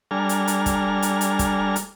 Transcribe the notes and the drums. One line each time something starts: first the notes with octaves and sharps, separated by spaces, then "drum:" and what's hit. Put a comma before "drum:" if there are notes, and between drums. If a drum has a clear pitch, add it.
G3 D4 A4 G#5 A#5 F6
drum: hi-hat
drum: hi-hat
drum: kick, hi-hat
drum: hi-hat
drum: hi-hat
drum: kick, hi-hat
drum: hi-hat